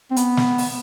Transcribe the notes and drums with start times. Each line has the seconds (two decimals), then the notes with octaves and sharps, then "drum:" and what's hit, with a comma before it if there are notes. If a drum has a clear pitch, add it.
0.11 C4
0.16 B3, drum: hi-hat
0.37 drum: snare
0.58 drum: open hi-hat